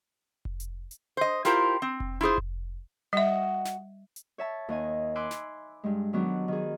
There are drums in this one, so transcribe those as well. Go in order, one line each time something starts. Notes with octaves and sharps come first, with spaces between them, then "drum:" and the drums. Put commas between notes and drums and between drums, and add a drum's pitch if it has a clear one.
drum: kick F1
drum: hi-hat
drum: hi-hat
C5 D#5
E4 F4 G4 A#4 C5, drum: snare
C4
drum: kick F1
E4 F4 G#4 C5
drum: kick F1
G3 F#4 D#5 E5
drum: snare
drum: hi-hat
C#5 E5 A5
D#2 D#5 G#5
G#5 B5 C6 D6 E6 F#6
drum: snare
G2 G#3
D#3 F#3 B3 D4
D#3 G#4